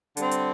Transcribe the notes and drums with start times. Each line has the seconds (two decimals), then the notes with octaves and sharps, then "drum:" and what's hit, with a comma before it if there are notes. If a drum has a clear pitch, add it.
0.17 D3 G3 C4, drum: hi-hat
0.31 drum: hi-hat